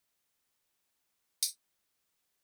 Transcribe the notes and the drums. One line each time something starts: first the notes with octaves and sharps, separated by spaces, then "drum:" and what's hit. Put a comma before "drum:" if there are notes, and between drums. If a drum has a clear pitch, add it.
C6
A4
E6
F#5
B5
D5, drum: tambourine
G6
F#5
D#6
A5